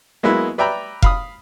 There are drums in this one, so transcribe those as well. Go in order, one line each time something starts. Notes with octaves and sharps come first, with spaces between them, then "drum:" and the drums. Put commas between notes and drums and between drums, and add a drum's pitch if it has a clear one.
F#3 G#3 A#3 B3 E4
B4 D5 E5 G5 A#5 B5
F5 B5 D#6, drum: kick F1